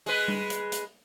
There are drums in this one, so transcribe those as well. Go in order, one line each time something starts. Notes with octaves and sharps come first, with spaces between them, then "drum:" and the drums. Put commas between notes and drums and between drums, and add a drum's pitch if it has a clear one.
G#3 B4, drum: open hi-hat
drum: tom G3
drum: hi-hat
drum: hi-hat